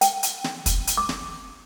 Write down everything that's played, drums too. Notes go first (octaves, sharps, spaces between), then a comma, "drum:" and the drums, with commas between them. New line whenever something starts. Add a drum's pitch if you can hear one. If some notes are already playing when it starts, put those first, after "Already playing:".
G5, drum: hi-hat
drum: hi-hat
drum: snare
drum: kick, hi-hat
drum: hi-hat
D6
drum: snare